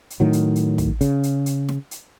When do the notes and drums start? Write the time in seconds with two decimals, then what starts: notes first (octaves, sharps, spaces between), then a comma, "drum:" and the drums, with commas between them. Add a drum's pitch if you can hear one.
0.10 drum: hi-hat
0.20 A2 D#3 F#3
0.33 drum: hi-hat
0.56 drum: hi-hat
0.78 drum: kick, hi-hat
1.01 C#3, drum: hi-hat
1.23 drum: hi-hat
1.46 drum: hi-hat
1.69 drum: snare
1.91 drum: hi-hat